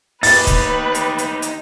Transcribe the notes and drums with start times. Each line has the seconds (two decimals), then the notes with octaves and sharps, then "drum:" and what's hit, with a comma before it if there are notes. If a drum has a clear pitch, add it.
0.23 D#4 G4 B4 A6, drum: open hi-hat
0.47 drum: kick, hi-hat
0.95 drum: hi-hat
1.18 drum: hi-hat
1.42 drum: hi-hat